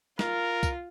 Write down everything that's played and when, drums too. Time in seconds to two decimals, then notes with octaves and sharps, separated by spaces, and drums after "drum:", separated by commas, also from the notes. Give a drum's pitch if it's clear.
0.19 F4 A#4, drum: snare
0.63 drum: kick C2, tambourine